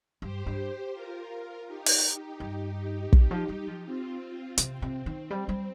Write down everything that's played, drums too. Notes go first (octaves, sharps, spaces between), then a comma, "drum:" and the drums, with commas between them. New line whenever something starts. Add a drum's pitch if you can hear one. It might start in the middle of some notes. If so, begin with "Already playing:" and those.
G2 G4 C5
G2
F4 A#4
D#4 G4
drum: open hi-hat
G2
C3, drum: kick
F3
G3
F3
C4 F4
C3 C4, drum: hi-hat
C3
D#3
G3
G3